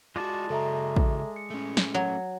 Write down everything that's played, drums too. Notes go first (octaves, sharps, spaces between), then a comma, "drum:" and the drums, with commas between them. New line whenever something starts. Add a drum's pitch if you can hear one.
G#3 F4 F#4 D5 A5
C#3 F#4 A4 E5 A#5
drum: kick
C#7
A3 C#4
drum: snare
F#3